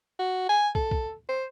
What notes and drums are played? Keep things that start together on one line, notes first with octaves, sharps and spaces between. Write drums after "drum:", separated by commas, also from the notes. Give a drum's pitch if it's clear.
F#4
G#5
A4, drum: kick
drum: kick
C5